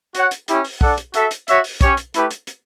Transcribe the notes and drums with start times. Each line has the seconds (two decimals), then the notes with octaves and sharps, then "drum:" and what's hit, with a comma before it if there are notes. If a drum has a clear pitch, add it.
0.15 F#4 C#5 F#5, drum: hi-hat
0.31 drum: hi-hat
0.48 C#4 E4 G4, drum: hi-hat
0.64 drum: open hi-hat
0.81 D4 A4 D5 F#5, drum: kick
0.98 drum: hi-hat
1.14 F#4 A4 E5, drum: hi-hat
1.31 drum: hi-hat
1.48 F#4 C#5 E5, drum: hi-hat
1.64 drum: open hi-hat
1.81 C#4 G4 C#5, drum: kick, hi-hat
1.97 drum: hi-hat
2.14 A3 E4 G4 B4, drum: hi-hat
2.31 drum: hi-hat
2.47 drum: hi-hat